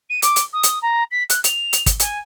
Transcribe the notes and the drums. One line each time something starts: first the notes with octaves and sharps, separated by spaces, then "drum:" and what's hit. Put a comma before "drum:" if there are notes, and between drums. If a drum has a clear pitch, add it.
D#7
D6, drum: hi-hat
drum: hi-hat
D#6
drum: hi-hat
A#5
B6
F#6, drum: hi-hat
F7, drum: hi-hat
drum: hi-hat
drum: kick, hi-hat
G#5, drum: hi-hat